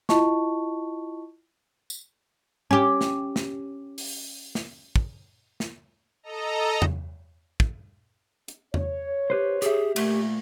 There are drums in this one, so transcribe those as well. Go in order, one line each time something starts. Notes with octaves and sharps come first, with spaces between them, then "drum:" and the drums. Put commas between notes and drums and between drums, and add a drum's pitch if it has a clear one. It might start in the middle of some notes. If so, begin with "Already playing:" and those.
E4 F4 D#5 A5 C#6, drum: snare
drum: tambourine
C#4 G4
drum: snare
drum: snare
drum: open hi-hat
drum: snare
drum: kick
drum: snare
A4 D#5 A#5
drum: tom E2
drum: kick
drum: hi-hat
C#5, drum: tom E2
G4 B4 C5
G4 G#4 E5, drum: hi-hat
A#2 A3, drum: cymbal